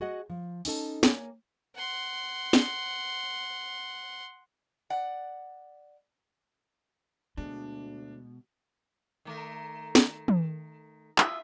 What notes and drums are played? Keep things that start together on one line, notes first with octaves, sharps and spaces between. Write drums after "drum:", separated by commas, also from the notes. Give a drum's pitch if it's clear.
F#4 G#4 D#5 F#5
F3
C#4 D#4 A4 A5, drum: open hi-hat
A#3 C#5 G#5, drum: snare
F#5 C6
drum: snare
D5 F#5
D2 B2 G#3 D4
D#3 A3 A#4
drum: snare
drum: tom
E4 F4 E5 D#6, drum: clap